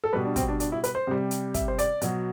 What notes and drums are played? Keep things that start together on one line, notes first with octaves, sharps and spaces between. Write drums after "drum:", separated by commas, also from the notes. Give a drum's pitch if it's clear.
A4
B2 G3 B4
D4
C4, drum: kick, hi-hat
D4
D4, drum: hi-hat
E4
B4, drum: hi-hat
C5
C3 G3
drum: hi-hat
E5, drum: kick, hi-hat
C5
D5, drum: hi-hat
B2 F#3, drum: hi-hat